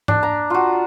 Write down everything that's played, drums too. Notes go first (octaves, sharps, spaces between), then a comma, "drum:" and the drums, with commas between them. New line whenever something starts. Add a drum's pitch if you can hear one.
D4, drum: tom G#2
A#5
F4 F#4